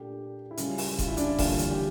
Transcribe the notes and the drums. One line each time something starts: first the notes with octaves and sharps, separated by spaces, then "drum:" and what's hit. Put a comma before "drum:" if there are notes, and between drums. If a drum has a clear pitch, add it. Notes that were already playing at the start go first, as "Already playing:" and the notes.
Already playing: A#2 A3 D4 G4
E4
C#2 C#3 G3 C#4 F4, drum: hi-hat
drum: open hi-hat
F4, drum: kick E1, hi-hat
E4
D4, drum: hi-hat
E4
E2 D3 G3 A#3 C#4 F4, drum: kick E1, open hi-hat
drum: hi-hat
G4